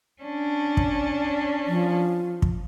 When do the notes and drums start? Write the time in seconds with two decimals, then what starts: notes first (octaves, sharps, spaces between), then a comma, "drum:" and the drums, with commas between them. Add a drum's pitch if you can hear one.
0.22 C#4 D4
0.77 drum: kick
1.67 F3
2.42 drum: kick